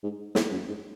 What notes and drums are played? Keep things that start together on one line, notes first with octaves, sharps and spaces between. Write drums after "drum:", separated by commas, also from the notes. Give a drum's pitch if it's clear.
G#2
E2, drum: snare
F#2
G#2